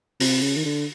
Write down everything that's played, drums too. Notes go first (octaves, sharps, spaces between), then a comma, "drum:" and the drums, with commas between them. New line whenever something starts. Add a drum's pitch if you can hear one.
C3, drum: open hi-hat
C#3
D#3
D3